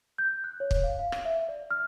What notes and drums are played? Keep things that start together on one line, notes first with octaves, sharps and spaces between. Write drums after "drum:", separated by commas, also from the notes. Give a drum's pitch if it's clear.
G6
F#6
C#5
drum: kick
F5
F5
drum: rim click
E5
D5
F6